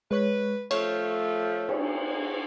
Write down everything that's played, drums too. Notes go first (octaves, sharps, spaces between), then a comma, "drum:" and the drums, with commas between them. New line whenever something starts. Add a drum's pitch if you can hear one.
G#3 B4 C#5
F3 A3 C#5, drum: cymbal
drum: cymbal